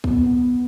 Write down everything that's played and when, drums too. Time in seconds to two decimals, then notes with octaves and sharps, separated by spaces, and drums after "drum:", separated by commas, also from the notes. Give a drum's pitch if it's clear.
0.04 B3, drum: kick